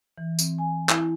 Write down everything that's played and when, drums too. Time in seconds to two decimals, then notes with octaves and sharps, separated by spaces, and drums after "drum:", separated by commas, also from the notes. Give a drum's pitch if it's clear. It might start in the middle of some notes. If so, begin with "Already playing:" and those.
0.18 E3
0.39 C4, drum: tambourine
0.58 G#5
0.89 E4, drum: clap